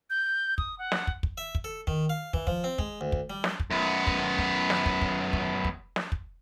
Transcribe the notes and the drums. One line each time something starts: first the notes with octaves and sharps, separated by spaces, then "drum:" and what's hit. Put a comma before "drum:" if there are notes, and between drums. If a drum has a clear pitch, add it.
G6
D#6, drum: kick
F#5
drum: snare
drum: kick
drum: kick
E5
drum: kick
A4
D#3, drum: kick
F5
E3, drum: kick
F3, drum: kick
C4
G#3, drum: kick
D2
drum: kick
G3
drum: snare
drum: kick
F#2 B3
drum: kick
drum: kick
drum: snare
drum: kick
drum: kick
drum: kick
drum: kick
drum: snare
drum: kick